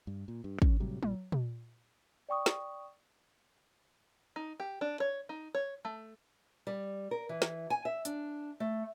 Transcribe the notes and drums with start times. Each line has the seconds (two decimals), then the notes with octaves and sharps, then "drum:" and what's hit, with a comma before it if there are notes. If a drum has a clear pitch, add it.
0.07 G2
0.28 A#2
0.44 G2
0.62 D#1 C#4, drum: kick
0.80 A2 C3 F#3 G3
1.03 A#1 A#2, drum: tom F#3
1.32 drum: tom A#2
2.29 D5 G5 C#6 D#6
2.46 drum: snare
4.36 D#4
4.60 G4
4.81 D4
5.00 C#5
5.29 D#4
5.55 C#5
5.85 A3
6.67 G3
7.11 A#4
7.29 E3
7.42 drum: snare
7.70 G#5
7.85 E5
8.05 D4, drum: hi-hat
8.60 A3